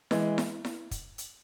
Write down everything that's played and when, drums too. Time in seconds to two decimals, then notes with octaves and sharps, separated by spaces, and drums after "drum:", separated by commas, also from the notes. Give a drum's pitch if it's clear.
0.11 E3 G#3, drum: snare E4
0.38 drum: snare E4
0.65 drum: snare E4
0.91 drum: kick, hi-hat
1.18 drum: hi-hat